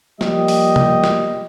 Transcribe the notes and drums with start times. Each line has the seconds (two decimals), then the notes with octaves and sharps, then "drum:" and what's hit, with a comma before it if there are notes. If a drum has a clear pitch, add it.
0.21 F3 G3 A#3 G4 D#5, drum: snare
0.48 drum: open hi-hat
0.76 drum: tom
1.04 drum: snare